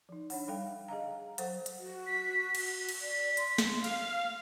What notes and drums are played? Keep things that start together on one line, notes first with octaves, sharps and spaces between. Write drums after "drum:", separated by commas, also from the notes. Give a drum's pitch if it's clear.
F3 D#4
D4 C#5 F#5, drum: open hi-hat
G3 D4 A4 F5 G5
G#4 D#5 F5 A#5
F#3 A4 C5 F#5, drum: hi-hat
drum: hi-hat
F#4
B6
drum: cymbal
drum: cymbal
D5 B6
C6, drum: hi-hat
drum: snare
F5, drum: cymbal